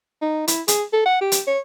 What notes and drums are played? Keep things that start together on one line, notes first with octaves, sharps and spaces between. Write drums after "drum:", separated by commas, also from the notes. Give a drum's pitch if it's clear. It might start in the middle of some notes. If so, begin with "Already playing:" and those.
D#4
E4, drum: hi-hat
G#4, drum: hi-hat
A4
F#5
G4
drum: hi-hat
C#5